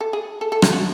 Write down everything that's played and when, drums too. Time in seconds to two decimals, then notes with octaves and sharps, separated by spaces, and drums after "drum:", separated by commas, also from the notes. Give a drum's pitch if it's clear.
0.01 A4
0.13 G#4
0.41 A4
0.52 A4
0.62 G#4, drum: rim click
0.73 F#4